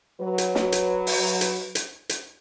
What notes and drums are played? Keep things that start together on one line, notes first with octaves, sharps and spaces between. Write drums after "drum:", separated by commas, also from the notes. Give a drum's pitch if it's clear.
F#3 B4
drum: hi-hat
drum: snare
drum: hi-hat
drum: open hi-hat
drum: hi-hat
drum: hi-hat
drum: hi-hat